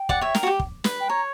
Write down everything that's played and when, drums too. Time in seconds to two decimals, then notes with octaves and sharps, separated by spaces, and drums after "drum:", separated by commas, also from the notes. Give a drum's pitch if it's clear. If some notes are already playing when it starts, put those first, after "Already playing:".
Already playing: G5
0.09 D5 F#5, drum: kick
0.21 C#5 E5
0.35 A#4, drum: snare
0.43 F#4
0.47 G4
0.60 drum: kick
0.84 B4, drum: snare
1.00 G5
1.09 C#5 A#5